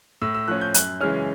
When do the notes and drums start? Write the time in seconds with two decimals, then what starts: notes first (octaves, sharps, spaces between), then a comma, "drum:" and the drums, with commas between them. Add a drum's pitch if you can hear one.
0.22 A2 E6
0.34 E6
0.48 F3 A3 C#4 F#6
0.61 G6
0.74 F#2 F#6, drum: hi-hat
1.01 C#3 E3 G#3 C#4 F6